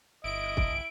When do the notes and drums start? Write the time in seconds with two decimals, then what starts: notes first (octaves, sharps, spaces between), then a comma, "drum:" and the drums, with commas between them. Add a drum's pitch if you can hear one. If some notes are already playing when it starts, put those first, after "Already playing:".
0.24 G1 E4 D#5 D7
0.57 drum: kick